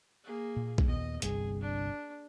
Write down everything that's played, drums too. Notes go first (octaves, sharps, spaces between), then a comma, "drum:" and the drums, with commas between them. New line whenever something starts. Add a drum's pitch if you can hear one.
A#3 G#4
A#2
drum: kick A#1
D#2 A#2 B3 D#5
G1 C2 G2 G#4, drum: hi-hat
D4